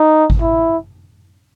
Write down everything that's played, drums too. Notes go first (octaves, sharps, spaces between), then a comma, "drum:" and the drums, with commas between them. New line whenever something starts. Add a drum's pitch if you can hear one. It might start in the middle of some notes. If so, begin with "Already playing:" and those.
Already playing: D#4
drum: kick G#1
E4